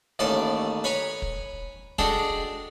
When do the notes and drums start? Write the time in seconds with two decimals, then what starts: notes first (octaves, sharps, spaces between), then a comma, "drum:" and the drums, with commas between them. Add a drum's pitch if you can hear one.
0.19 A1 D#2 A2 A4 D5 D#6
0.84 B4 C#5 G#5 A#5 B5
1.22 drum: kick
1.99 G#3 D4 F#4 G#4 A4 G5, drum: kick